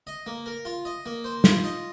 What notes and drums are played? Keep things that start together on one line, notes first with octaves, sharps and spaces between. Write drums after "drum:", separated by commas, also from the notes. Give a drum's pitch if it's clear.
D#5
A#3
A#4
F4
D#5
A#3
C5
F4, drum: snare
D#5